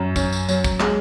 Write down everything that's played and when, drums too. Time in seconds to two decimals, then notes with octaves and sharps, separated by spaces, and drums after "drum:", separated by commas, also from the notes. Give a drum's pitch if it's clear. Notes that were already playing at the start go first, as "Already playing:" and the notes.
Already playing: F#2
0.16 C#4, drum: kick, tambourine
0.32 drum: tambourine
0.49 F#3, drum: tambourine
0.64 drum: kick, tambourine
0.80 G#3, drum: clap